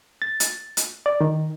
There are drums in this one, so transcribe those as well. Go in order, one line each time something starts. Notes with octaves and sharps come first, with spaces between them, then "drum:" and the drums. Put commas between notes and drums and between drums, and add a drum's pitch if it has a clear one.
A6
drum: hi-hat
drum: hi-hat
D5
D#3